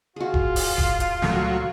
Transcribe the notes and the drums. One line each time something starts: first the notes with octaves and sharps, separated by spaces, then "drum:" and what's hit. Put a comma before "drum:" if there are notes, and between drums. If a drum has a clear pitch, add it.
F4 F#4 G#4
drum: kick
drum: open hi-hat
drum: kick
drum: hi-hat
C#2 A#2 F#3 A3, drum: snare